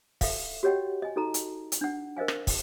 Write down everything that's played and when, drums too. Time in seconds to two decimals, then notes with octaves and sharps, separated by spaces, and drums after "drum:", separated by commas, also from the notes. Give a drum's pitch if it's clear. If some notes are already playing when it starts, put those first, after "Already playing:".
0.21 A4 E5 F5, drum: kick, open hi-hat
0.63 F#4 G4 C#5 D#5 F#5 G5
1.02 D#5 G#5
1.16 D#4 F#4 A4 A5 A#5
1.34 drum: hi-hat
1.72 drum: hi-hat
1.81 D4 F#5
2.17 A#4 C5 D#5 F5 G#5
2.28 drum: rim click
2.47 drum: kick, open hi-hat